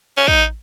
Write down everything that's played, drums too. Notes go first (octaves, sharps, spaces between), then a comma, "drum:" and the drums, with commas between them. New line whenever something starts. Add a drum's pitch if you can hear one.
C#4
D#4, drum: kick